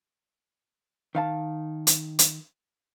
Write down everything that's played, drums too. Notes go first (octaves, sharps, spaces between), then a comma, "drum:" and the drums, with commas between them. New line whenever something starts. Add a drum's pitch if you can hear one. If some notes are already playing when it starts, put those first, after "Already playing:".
D#3 F5 A5
drum: hi-hat
drum: hi-hat